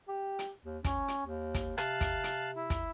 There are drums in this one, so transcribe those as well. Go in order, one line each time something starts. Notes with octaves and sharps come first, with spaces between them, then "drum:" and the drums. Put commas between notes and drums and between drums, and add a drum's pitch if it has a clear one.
G4
drum: hi-hat
D#2
C#4, drum: kick, hi-hat
drum: hi-hat
D#2
drum: kick, hi-hat
C3 F5 A5 F#6, drum: rim click
drum: kick, hi-hat
drum: hi-hat
E4
drum: kick, hi-hat